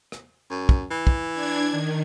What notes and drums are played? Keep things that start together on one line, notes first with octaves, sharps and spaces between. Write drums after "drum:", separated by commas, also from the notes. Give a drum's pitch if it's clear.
drum: rim click
F#2
drum: kick
E3
drum: kick
D4 G#6
D#3